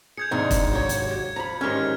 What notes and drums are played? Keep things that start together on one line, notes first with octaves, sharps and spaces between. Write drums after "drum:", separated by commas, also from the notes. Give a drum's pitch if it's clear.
G#4 G6 G#6 C#7
D#2 G#2 C3 D4 D#4
drum: kick E1, hi-hat
F#4 G4 C#5
drum: hi-hat
G#6
F3 A#5 B5
E2 G#2 D#3 C#4 G4 F6 G#6